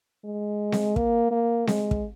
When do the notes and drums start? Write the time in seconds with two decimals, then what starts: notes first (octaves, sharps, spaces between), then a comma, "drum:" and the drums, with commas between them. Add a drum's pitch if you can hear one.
0.24 G#3
0.72 drum: snare C4
0.96 A#3, drum: kick
1.31 A#3
1.67 G#3, drum: snare C4
1.91 drum: kick